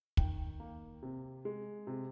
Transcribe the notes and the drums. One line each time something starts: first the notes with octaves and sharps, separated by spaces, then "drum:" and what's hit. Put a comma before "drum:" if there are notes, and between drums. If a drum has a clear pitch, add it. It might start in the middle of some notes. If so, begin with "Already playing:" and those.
D#3 G5, drum: kick
A#3
C3
G#3
C3